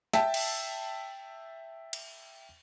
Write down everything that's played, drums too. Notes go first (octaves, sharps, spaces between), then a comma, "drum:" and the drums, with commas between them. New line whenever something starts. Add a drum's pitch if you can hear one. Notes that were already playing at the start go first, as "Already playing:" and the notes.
E5 G5 A5, drum: snare
drum: cymbal
drum: cymbal